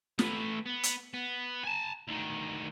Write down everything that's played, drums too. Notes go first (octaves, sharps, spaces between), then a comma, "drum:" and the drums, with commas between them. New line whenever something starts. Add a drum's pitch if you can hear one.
A3 B4, drum: snare
B3
drum: hi-hat
B3
G#5 A5
D2 D#3